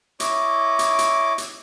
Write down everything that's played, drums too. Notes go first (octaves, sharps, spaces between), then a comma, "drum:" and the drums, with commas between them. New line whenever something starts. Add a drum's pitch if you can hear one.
E4 C#5 D#5 D6, drum: hi-hat
drum: hi-hat
drum: hi-hat
drum: hi-hat